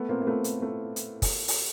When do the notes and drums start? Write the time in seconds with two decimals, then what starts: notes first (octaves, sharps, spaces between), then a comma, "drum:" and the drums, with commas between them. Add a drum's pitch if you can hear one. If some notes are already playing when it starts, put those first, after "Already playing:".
Already playing: A3 B3
0.09 A#3 C4
0.22 A#3
0.27 A3 B3
0.44 drum: hi-hat
0.62 A3
0.96 drum: hi-hat
1.22 drum: kick, open hi-hat
1.48 drum: open hi-hat